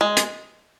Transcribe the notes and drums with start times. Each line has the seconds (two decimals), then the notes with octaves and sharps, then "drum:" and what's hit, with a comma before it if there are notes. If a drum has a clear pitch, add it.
0.01 G#3
0.17 drum: hi-hat